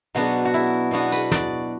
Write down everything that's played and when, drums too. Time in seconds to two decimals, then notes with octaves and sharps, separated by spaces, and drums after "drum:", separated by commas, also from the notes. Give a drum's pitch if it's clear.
0.15 B2 F#3 B3 D4 F#4
0.45 F#4
0.54 E4
0.91 B2 B3 D4 F#4
1.12 B4, drum: tambourine
1.32 D5, drum: snare